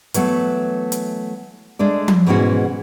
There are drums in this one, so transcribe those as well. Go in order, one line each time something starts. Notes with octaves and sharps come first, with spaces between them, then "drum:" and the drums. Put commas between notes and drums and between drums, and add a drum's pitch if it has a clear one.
E3 F#3 A3 B3, drum: hi-hat
drum: hi-hat
G#3 A3 D4 D5
drum: tom F3
G#2 B2 E3 G#3 C#4 F#4